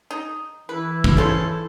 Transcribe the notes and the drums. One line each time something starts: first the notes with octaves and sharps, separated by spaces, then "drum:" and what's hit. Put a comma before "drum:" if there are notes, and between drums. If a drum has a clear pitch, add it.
D#4
E3 E4 B4
drum: kick
C#3 C#4 A4 C5